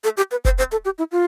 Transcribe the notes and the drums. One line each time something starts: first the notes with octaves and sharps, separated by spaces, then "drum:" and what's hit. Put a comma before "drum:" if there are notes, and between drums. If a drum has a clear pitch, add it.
A4
G4
B4
C5, drum: kick F1
C5
A4
G4
E4
F4